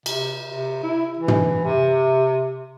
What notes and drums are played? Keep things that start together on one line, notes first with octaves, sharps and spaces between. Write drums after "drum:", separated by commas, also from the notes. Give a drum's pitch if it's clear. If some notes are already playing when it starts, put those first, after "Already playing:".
C3, drum: cymbal
C3
E4
E3
drum: tom
C3